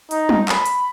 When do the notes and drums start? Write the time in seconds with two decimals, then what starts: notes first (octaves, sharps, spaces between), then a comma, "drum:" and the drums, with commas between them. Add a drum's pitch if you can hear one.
0.11 D#4, drum: hi-hat
0.29 drum: tom
0.49 B5, drum: clap
0.65 drum: hi-hat